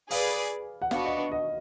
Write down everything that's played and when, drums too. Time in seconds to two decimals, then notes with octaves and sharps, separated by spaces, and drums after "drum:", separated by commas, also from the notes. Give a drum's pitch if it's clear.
0.11 G#4 B4 D5 F5, drum: open hi-hat
0.82 F#5
0.91 B3 D4 F#4 F5, drum: snare
1.05 D#5
1.32 D#5